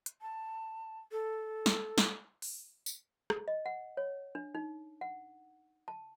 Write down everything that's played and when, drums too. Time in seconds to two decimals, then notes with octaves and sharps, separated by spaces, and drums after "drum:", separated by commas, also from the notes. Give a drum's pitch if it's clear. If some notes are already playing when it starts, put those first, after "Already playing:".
0.06 drum: hi-hat
0.22 A5
1.12 A4
1.66 drum: snare
1.98 drum: snare
2.42 drum: open hi-hat
2.86 drum: tambourine
3.30 drum: rim click
3.48 D#5
3.66 F#5
3.97 C#5
4.35 D4
4.55 D#4
5.01 F#5
5.88 A5